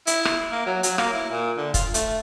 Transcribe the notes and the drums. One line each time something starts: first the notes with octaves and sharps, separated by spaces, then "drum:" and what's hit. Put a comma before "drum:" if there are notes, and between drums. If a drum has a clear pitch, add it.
E4, drum: hi-hat
drum: rim click
A#3
F#3
F#3, drum: hi-hat
A#3, drum: rim click
E4
A#2
D3
F4, drum: kick, hi-hat
A3, drum: hi-hat